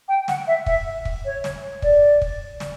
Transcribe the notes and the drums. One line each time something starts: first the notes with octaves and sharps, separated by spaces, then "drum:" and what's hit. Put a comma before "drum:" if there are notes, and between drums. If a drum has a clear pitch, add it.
G5
F#5, drum: snare
E5
E5, drum: kick
drum: kick
C#5
drum: snare
D5, drum: kick
drum: kick
drum: snare